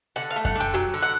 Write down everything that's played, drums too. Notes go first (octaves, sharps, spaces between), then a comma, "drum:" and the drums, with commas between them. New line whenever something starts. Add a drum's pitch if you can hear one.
D3 F#5
F5
A3
F#5, drum: kick F#2
D3 G5
F#3 G5
D3
F#5